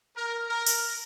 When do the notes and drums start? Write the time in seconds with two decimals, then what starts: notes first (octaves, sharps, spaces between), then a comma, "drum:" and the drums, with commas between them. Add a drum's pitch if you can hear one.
0.15 A#4
0.50 A#4
0.66 drum: tambourine